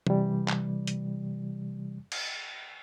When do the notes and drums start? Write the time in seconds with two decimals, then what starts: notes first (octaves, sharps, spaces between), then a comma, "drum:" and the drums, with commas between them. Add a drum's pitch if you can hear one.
0.07 C3 E3 G3, drum: tom
0.48 drum: clap
0.87 drum: hi-hat
2.12 drum: cymbal